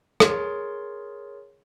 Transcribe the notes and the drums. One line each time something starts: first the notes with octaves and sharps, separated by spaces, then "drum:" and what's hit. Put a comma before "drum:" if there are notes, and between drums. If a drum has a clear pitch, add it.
G#4 A#4 C#5 C6 A6, drum: rim click